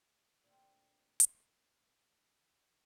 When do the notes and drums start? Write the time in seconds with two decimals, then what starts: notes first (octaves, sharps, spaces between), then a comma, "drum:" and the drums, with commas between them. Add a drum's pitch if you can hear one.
0.43 A#2 D3 A3 A#3 C4
1.20 drum: hi-hat